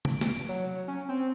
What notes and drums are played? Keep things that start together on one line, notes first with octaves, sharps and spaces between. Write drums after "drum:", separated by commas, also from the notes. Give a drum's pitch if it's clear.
D7, drum: tom C3
drum: snare
F#3
C#4
C4